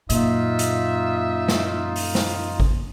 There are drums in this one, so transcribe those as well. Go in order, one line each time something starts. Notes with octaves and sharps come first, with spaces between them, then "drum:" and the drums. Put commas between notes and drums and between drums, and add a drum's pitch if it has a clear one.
F#2 A#2 D#4 F4 E5, drum: hi-hat
drum: hi-hat
drum: snare
drum: open hi-hat
drum: snare
drum: kick G#1